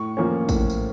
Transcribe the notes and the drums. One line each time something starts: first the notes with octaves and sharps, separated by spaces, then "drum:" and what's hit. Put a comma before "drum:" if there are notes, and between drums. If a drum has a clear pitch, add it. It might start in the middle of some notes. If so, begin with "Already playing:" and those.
Already playing: A2 C#6
F3 A#3 C#4
A2, drum: kick, tambourine
drum: tambourine